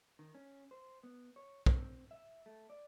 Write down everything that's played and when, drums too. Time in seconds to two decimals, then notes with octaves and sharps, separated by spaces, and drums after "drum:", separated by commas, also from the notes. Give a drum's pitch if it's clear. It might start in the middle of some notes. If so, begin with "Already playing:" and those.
0.19 D#3
0.35 C#4
0.71 C5
1.04 B3
1.36 C#5
1.66 C4, drum: kick
2.11 E5
2.46 A3
2.70 D5